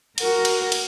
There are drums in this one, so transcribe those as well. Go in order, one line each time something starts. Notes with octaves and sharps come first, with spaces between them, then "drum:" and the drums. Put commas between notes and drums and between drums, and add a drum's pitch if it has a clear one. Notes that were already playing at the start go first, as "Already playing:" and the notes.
F#4 A#4, drum: cymbal
drum: cymbal
drum: cymbal